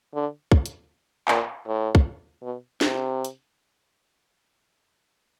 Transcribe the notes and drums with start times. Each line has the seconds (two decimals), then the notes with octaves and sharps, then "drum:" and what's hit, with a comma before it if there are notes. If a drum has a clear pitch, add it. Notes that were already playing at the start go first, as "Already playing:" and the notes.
0.14 D3
0.52 drum: kick
0.66 drum: hi-hat
1.28 A#2, drum: clap
1.67 A2
1.95 drum: kick
2.43 B2
2.81 C3, drum: snare
3.25 drum: hi-hat